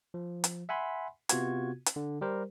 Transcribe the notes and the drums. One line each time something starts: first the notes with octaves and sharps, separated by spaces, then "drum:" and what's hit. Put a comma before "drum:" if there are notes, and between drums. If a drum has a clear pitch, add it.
F3
drum: hi-hat
E5 F#5 G#5 B5 C6
C3 B3 F4 F#4 G#6, drum: hi-hat
drum: hi-hat
D3
G3 G4 A#4 C5